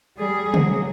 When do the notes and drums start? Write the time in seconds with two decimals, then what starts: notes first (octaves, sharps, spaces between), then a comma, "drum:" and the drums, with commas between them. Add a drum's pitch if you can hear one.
0.17 G3 G#4
0.54 F#3, drum: tom